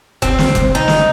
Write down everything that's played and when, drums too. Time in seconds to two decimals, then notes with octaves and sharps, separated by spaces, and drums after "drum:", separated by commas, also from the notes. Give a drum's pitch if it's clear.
0.22 C4, drum: kick F1, hi-hat
0.39 drum: snare
0.55 drum: kick F1, hi-hat
0.75 D#4
0.88 drum: snare